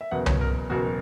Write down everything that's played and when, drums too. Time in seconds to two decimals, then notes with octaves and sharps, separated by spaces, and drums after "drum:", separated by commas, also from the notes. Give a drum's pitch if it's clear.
0.01 E5
0.11 F#1 E2 B2 F#5
0.26 C#5, drum: tom C2
0.41 A#4
0.70 F#1 E2 B2 F#4